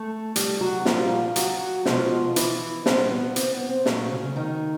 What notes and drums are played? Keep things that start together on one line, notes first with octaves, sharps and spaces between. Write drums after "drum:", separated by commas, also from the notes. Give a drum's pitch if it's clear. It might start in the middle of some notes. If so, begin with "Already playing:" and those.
Already playing: A3 A4
G3 G4, drum: hi-hat
F#3 F#4
F#4
A#2 F3 G3 A#3 F4, drum: snare
F#3 F#4, drum: hi-hat
B2 F3 G#3 B3 F4, drum: snare
E3 E4, drum: hi-hat
A#2 G3 B3 C4, drum: snare
B3
C4, drum: hi-hat
B3
C4
A#2 F#3 A3, drum: snare
C#3 C#4
D#3 D#4